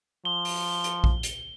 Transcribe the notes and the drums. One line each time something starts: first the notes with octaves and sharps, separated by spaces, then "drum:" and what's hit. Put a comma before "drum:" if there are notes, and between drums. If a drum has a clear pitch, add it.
F3 G7
drum: open hi-hat
drum: hi-hat
drum: kick A#1
drum: hi-hat